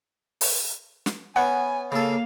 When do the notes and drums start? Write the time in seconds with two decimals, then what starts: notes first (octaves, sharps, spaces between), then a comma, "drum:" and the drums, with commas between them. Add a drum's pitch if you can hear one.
0.41 drum: open hi-hat
1.06 drum: snare
1.36 B3 C#4 F#5 G#5
1.92 C#3 A#3 A4 F5